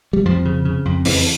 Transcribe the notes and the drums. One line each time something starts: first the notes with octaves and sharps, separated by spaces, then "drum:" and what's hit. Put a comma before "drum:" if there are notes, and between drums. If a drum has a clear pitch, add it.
G3
F2 F3
C#3
C#3
F2
F2 E3, drum: open hi-hat